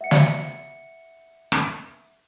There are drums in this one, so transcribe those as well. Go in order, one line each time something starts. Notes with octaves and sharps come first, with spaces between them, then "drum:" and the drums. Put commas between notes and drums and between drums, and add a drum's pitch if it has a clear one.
E5 F#5 C#7
drum: snare
drum: rim click